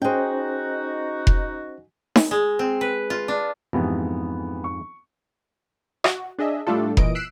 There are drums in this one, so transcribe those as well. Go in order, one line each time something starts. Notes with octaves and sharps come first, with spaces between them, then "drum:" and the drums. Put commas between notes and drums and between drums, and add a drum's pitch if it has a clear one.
C#4 D#4 F#4 G#4 C5 G5
drum: kick F1
drum: snare D#4
G#3
C4
B4
F4
D4
F2 G#2 E3 B3 G4
C#6
F#4, drum: rim click
D4 G#4 D#5 E5
A2 G3 A3 D4 F4 A4
A#2 E3 D#5 D#6 D7, drum: kick F1
E6 F#6 B6 C7 D7 E7